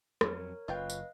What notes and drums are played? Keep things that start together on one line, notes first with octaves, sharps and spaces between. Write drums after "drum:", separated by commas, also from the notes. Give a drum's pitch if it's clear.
F2 F#3 A#4 C#5, drum: rim click
F#1 F4 B4 C#5 D#5 F5 G5
drum: tambourine